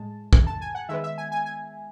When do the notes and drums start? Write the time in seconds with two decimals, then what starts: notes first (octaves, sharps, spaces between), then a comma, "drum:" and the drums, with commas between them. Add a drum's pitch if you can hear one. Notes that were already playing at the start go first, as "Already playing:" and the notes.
Already playing: A2 G#3 A5
0.33 drum: kick
0.47 A5
0.61 G#5
0.75 F#5
0.89 D#3 G#3 B3 E5
1.04 E5
1.18 G#5
1.32 G#5
1.46 G#5